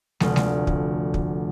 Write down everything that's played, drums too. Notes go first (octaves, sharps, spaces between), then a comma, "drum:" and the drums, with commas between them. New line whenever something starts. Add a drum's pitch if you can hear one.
F1 D2, drum: snare
drum: snare
drum: kick
drum: kick